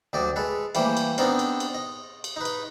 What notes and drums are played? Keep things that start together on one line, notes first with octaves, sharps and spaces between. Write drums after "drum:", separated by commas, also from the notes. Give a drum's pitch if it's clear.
D2 F#3 G4 D5 D#5
G#3 A4 B4
E3 G3 A3 A#3 G4 C5, drum: cymbal
drum: cymbal
B3 C4 D4 D#4 A#4 C5, drum: cymbal
drum: cymbal
drum: cymbal
D#5
drum: cymbal
D#4 B4
drum: cymbal